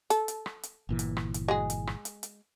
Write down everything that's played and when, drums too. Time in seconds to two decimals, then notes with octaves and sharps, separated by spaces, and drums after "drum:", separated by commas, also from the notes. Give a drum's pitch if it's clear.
0.10 A4, drum: hi-hat
0.28 drum: hi-hat
0.46 drum: rim click
0.63 drum: hi-hat
0.89 G1 A#2 E3
0.99 drum: hi-hat
1.17 drum: rim click
1.34 drum: hi-hat
1.48 G#3 F#4 G#4
1.70 drum: hi-hat
1.87 drum: rim click
2.05 drum: hi-hat
2.23 drum: hi-hat